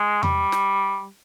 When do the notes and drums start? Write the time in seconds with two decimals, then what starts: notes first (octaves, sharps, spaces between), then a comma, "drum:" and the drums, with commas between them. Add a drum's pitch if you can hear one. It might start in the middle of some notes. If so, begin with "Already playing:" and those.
Already playing: G#3
0.23 G3, drum: tom E2
0.52 drum: snare